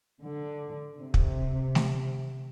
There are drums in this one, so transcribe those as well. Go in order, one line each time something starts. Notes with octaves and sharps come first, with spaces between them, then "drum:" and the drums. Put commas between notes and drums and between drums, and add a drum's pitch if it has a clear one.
D3
C3
drum: kick
drum: snare A3